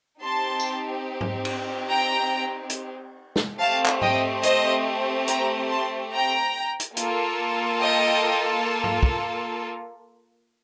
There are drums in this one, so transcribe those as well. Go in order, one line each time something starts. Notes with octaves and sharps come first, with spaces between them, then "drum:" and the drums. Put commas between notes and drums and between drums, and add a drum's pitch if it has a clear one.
C4 D#4 G4 A5 C6
drum: tambourine
drum: tom G#2
drum: cymbal
G5 A#5
drum: hi-hat
drum: snare
A3 C4 G4 F5 A5
drum: clap
D#5 G5, drum: tom G#2
C5 D#5, drum: hi-hat
G5 A#5, drum: hi-hat
A5 C6
G5 A#5
drum: hi-hat
A#3 F4 A4, drum: hi-hat
D#5 G5
drum: tom G#2
drum: kick